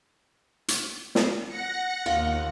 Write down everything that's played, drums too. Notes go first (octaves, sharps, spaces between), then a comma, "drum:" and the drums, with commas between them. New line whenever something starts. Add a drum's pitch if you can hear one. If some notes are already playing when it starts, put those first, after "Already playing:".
drum: hi-hat
drum: snare
F#5 A#6 C#7
D#2 F4 F#5